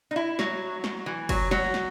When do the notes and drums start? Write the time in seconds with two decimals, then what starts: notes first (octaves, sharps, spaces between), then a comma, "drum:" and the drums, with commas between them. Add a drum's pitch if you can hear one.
0.11 D#4
0.16 E4
0.39 F#3, drum: snare
0.84 drum: snare
1.06 E3
1.29 F#3, drum: kick F#1, cymbal
1.51 F#3, drum: snare
1.74 drum: snare